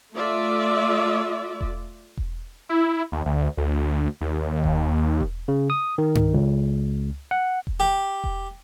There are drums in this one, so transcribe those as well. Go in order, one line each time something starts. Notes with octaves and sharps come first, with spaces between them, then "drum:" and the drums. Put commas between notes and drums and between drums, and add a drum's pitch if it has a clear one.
A3 F4 D5 E5
drum: kick E1
drum: kick E1
E4
D#2
D2
D2
D#2
drum: kick E1
drum: kick E1
C#3
D#6
D#3
drum: tom G2
C#2
F#5
drum: kick E1
G4
drum: kick E1